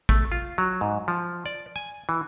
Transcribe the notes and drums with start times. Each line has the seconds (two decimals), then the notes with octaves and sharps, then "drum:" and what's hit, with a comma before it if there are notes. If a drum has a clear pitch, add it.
0.09 A3, drum: kick A1
0.32 F4
0.58 F#3
0.81 G#2
1.08 F3
1.46 D5
1.76 G#5
2.09 E3